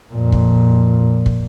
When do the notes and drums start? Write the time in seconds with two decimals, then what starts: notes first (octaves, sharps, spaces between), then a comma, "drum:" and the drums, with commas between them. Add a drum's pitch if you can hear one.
0.13 F2 A#2
0.32 drum: kick
1.26 drum: kick